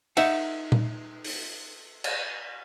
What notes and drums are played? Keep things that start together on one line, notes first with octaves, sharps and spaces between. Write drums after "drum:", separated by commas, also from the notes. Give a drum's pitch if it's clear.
D#4 E5 F#5, drum: cymbal
drum: tom A#2
drum: open hi-hat
drum: cymbal